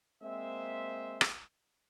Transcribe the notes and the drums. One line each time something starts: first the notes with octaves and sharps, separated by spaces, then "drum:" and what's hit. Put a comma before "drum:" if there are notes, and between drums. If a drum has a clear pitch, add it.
G#3 A#3 C4 C5 E5
drum: rim click